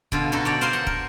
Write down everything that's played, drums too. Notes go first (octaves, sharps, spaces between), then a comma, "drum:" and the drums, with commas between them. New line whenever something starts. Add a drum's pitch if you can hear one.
B2 D3 F4, drum: kick
D3 D#4 F#4 A4
G4 C#5 D5
A#4 C5 F5 G#5 A5 C6
F#5
A#4, drum: kick